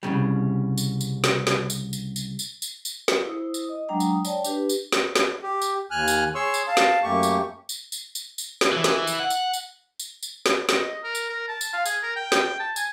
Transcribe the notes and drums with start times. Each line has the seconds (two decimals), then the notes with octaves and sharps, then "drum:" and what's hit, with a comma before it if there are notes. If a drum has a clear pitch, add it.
0.03 C2 F2 C#3 G3
0.78 drum: tambourine
1.01 drum: tambourine
1.24 drum: snare
1.47 drum: snare
1.70 drum: tambourine
1.93 drum: tambourine
2.16 drum: tambourine
2.39 drum: tambourine
2.62 drum: tambourine
2.85 drum: tambourine
3.08 drum: snare
3.25 E4 C5 D#6
3.54 drum: tambourine
3.69 D#5 D#6
3.89 F#3 G#3 D4 G5 A#5 D#6
4.00 drum: tambourine
4.25 C#5 D5 G5 A5, drum: tambourine
4.44 D4 G4 B4, drum: tambourine
4.69 drum: tambourine
4.92 drum: snare
5.16 drum: snare
5.43 G4
5.62 drum: tambourine
5.91 D#2 G#5 F6 F#6
6.08 drum: tambourine
6.35 G#4 C#5 C6 C#6 E6
6.54 drum: tambourine
6.67 F5 A5
6.77 drum: snare
7.04 F#2 A3 A#3 G4 C#6
7.23 drum: tambourine
7.69 drum: tambourine
7.92 drum: tambourine
8.15 drum: tambourine
8.38 drum: tambourine
8.61 drum: snare
8.72 E3
8.84 drum: snare
9.07 drum: tambourine
9.20 F#5
9.30 drum: tambourine
9.53 drum: tambourine
10.00 drum: tambourine
10.23 drum: tambourine
10.46 drum: snare
10.69 drum: snare
10.78 D#5
11.03 A#4
11.15 drum: tambourine
11.29 A#4
11.48 A5
11.61 drum: tambourine
11.73 F5
11.86 G#4, drum: tambourine
12.03 A#4
12.16 G5
12.32 G5, drum: snare
12.60 A5
12.76 G#5, drum: tambourine